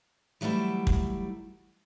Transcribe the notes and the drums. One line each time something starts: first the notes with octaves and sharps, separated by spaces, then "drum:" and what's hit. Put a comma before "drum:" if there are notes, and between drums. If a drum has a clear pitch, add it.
E3 F#3 G3 A3 E4
drum: kick